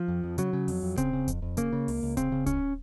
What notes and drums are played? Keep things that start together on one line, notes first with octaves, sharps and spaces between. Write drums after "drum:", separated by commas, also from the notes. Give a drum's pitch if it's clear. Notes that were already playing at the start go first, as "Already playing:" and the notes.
Already playing: F3
F2
F2
C#3 F#3, drum: hi-hat
C#3
F2, drum: open hi-hat
F2
C#3 C4, drum: kick D1, hi-hat
C#3
F2, drum: kick D1, hi-hat
F2
C#3 A#3, drum: hi-hat
C#3
C#2, drum: open hi-hat
C#2
C#3 C4, drum: kick D1, hi-hat
C#3
C#2 C#4, drum: kick D1, hi-hat